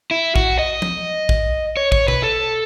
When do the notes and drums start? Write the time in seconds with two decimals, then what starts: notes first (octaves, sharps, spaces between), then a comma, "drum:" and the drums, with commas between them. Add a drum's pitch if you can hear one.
0.11 E4
0.36 F#4, drum: kick A#1
0.59 D#5
0.82 drum: tom F3
1.29 drum: kick A#1
1.77 C#5
1.92 C#5, drum: kick A#1
2.08 B4, drum: tom B2
2.23 A4